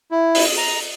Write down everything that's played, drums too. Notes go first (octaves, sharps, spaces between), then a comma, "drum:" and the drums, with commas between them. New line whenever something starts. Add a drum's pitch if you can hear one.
E4
drum: open hi-hat
A#5